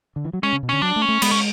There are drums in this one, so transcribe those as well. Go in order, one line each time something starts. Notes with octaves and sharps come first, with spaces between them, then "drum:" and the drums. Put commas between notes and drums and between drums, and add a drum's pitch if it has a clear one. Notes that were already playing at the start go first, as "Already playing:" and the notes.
D3
E3
F#3
G#3 C#4
C#3
B2
D3 C#4
F#3 D4
A3
C#4
A3
G#3 B3, drum: cymbal
C#4